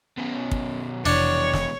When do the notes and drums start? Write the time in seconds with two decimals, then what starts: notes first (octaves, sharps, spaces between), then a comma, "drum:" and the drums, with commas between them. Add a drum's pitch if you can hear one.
0.17 B2 C#4
0.51 drum: kick
1.06 F1 B2 E3 D4 C#5
1.53 drum: snare